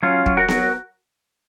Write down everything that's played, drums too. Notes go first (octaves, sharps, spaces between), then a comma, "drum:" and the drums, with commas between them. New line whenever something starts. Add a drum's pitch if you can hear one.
F#3 C#4 F4
F#3, drum: kick
F#4 A#4
F#3, drum: snare B3